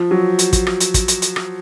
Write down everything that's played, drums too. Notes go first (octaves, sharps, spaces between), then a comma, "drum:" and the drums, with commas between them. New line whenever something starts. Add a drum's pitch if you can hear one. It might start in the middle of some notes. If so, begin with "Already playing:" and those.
Already playing: F3
F#3
drum: hi-hat
drum: kick, hi-hat
drum: rim click
drum: hi-hat
drum: kick, hi-hat
drum: hi-hat
drum: hi-hat
drum: rim click